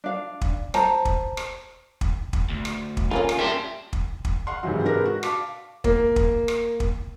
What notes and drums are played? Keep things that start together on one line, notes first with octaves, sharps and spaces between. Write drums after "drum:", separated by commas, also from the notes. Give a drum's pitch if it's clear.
D4 F5
drum: kick
C5 A5 A#5, drum: rim click
drum: kick
drum: rim click
drum: kick
drum: kick
D2
drum: rim click
drum: kick
F3 A#3 C#4 F4
drum: rim click
G3 A#3 G4 E5 A5 C6
drum: kick
drum: kick
F5 F#5 C6
G#2 C3 D#3 E3 F#3
G#2 C3 D4 A#4 B4 A#6
F#4
F5 A5 D6 B6, drum: rim click
A#3, drum: kick
drum: kick
drum: rim click
drum: kick